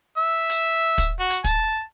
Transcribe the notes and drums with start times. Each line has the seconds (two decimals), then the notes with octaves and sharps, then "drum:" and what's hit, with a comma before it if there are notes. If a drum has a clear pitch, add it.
0.17 E5
0.49 drum: hi-hat
0.98 drum: kick, hi-hat
1.20 F#4
1.30 drum: hi-hat
1.44 A5, drum: kick, hi-hat